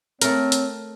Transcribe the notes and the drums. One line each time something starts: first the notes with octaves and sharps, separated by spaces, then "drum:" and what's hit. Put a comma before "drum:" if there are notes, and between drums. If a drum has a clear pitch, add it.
A3 C4 A#4 C#5, drum: hi-hat
drum: hi-hat